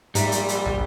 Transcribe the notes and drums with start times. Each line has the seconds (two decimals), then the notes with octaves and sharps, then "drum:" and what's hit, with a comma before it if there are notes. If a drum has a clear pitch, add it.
0.15 A#1 G#2 G3 E5 A#5, drum: hi-hat
0.32 drum: hi-hat
0.49 drum: hi-hat
0.65 drum: tom